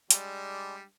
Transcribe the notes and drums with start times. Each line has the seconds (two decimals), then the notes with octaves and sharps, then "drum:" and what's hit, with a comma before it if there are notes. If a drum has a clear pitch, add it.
0.11 G3 G#3 D4, drum: hi-hat